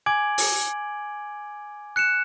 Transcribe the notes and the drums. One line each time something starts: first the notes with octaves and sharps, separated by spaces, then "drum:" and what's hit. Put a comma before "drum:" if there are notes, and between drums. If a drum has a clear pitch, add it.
G#5 D6 G#6 D7 F#7
drum: open hi-hat
F#6 C#7 E7